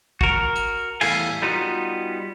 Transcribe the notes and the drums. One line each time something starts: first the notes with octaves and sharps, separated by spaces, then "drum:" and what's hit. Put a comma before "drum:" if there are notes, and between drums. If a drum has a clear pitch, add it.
F#4 A#4, drum: kick
drum: hi-hat
E2 A2 G3 A4 F5 G#5, drum: cymbal
G3 B3 D#4 F4 F#4